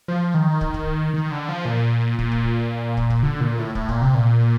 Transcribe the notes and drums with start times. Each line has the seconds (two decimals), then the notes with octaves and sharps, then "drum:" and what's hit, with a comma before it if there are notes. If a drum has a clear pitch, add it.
0.08 F3
0.34 D#3
0.61 drum: kick
0.74 drum: kick
1.14 D#3
1.31 D3
1.49 F3
1.65 A#2
2.19 A#2, drum: kick
2.31 drum: kick
2.97 drum: kick
3.10 drum: kick
3.23 D3
3.41 A#2
3.59 A2
3.75 A2, drum: kick
3.89 A#2, drum: kick
4.02 C3
4.15 A#2